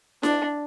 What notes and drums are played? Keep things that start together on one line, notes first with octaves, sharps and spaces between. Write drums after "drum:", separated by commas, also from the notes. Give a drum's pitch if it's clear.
D4, drum: snare E4